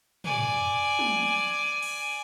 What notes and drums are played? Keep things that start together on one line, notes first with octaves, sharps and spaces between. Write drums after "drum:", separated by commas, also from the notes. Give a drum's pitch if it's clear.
D5 G#5, drum: tom
drum: tom
drum: cymbal